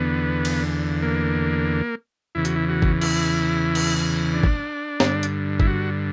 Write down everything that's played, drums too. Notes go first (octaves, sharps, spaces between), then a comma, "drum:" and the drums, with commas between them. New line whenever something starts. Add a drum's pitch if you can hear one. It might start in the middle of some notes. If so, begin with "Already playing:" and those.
Already playing: E2 D3 B3
drum: cymbal
A#3
E2 C#3 E3 E4
F#4, drum: hi-hat
E4
F#4
drum: kick
E4, drum: cymbal
drum: cymbal
D4
drum: kick
G2 D3, drum: snare
drum: hi-hat
E4, drum: kick
F#4